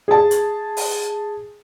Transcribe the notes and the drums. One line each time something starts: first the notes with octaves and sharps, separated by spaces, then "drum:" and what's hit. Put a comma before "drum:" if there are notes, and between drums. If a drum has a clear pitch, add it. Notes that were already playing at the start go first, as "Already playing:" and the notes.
G#4 A5
drum: hi-hat
drum: open hi-hat